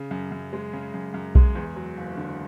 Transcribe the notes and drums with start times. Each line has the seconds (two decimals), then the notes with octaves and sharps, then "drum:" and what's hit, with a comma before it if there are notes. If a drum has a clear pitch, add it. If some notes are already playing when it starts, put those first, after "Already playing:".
Already playing: C#3
0.11 F#2
0.32 F#2
0.53 G#3
0.73 C#3
0.94 F#2
1.14 F#2
1.35 G#3, drum: kick B1
1.55 E2
1.76 F#3
1.97 F#1
2.17 D3